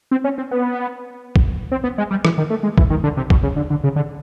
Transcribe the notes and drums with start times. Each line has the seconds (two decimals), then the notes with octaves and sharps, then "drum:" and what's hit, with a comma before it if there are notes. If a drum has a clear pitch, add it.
0.11 C4
0.24 C#4
0.38 C4
0.51 B3
1.36 drum: kick
1.72 C4
1.84 B3
1.98 G#3
2.11 G3
2.25 E3, drum: rim click
2.38 D#3
2.50 A3
2.63 G#3
2.78 E3, drum: kick
2.90 D#3
3.04 D3
3.17 C3
3.30 B2, drum: kick
3.43 C#3
3.56 D3
3.70 D3
3.84 C#3
3.96 D3